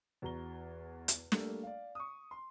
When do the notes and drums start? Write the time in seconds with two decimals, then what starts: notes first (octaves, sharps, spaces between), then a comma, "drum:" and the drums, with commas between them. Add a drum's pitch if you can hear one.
0.22 E2 F#4 A#5 G7
1.08 drum: hi-hat
1.32 G3 A3 A#3 D4 A4, drum: snare
1.63 D5 F5
1.95 C#6 D#6
2.31 C6